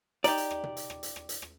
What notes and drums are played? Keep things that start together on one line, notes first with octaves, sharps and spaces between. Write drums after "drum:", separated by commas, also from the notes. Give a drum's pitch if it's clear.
D#4 G4 D5, drum: hi-hat
drum: hi-hat
drum: rim click
drum: tom B2
drum: hi-hat
drum: rim click
drum: hi-hat
drum: rim click
drum: hi-hat
drum: rim click